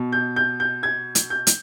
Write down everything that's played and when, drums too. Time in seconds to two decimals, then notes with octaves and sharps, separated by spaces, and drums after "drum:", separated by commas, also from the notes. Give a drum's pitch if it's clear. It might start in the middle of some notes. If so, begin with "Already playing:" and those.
Already playing: B2
0.12 G6
0.36 G6
0.60 G6
0.83 G#6
1.15 drum: hi-hat
1.30 G6
1.47 drum: hi-hat